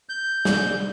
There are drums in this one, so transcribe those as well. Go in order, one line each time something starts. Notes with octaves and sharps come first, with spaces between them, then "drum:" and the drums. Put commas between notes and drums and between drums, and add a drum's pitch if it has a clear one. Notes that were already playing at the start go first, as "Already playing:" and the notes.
G6
drum: snare